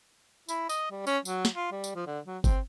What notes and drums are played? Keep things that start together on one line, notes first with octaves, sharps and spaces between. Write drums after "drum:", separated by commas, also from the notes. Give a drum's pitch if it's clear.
E4, drum: tambourine
D#5, drum: tambourine
G3
C#4, drum: tambourine
F#3, drum: tambourine
drum: snare
F4
G3
drum: tambourine
F3
D3
F#3
C4, drum: kick, tambourine